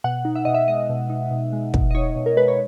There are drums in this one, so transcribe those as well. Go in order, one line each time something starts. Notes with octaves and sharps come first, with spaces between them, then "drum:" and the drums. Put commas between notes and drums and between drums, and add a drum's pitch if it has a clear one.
B2 F#5
D#4
E5
B2 D#5
E5
G#3 D#5
B2
D#4
B2
G#3
B2, drum: kick
D#5
D#4 C#5
B2
A#4
G#3 B4
C#5